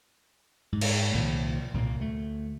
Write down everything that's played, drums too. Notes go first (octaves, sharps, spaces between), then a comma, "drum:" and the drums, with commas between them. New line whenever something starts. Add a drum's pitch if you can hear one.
G#2
drum: cymbal
C2 A#2 D#3 F3
C2 A#2 G#3 A#3
D2 A3